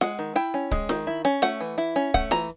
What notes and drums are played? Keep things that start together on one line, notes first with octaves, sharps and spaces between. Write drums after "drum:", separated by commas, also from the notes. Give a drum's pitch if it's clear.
G#3 F#5, drum: snare
D#3
E4 G5
C#4
G#3, drum: kick C#1
D#3, drum: snare
E4
C#4
A3 F#5, drum: snare
E3
E4
C#4
A3 F#5, drum: kick C#1
E3 A#5, drum: snare